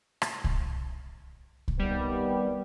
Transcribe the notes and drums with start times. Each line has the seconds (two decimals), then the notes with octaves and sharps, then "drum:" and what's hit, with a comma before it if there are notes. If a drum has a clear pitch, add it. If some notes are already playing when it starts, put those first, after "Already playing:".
0.22 drum: rim click
0.44 drum: kick C2
1.68 drum: kick C2
1.79 C3 D#3 G3 B3